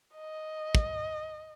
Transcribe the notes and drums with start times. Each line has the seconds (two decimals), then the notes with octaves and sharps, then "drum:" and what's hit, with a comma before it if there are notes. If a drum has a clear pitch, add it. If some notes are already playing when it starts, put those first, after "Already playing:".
0.15 D#5
0.75 drum: kick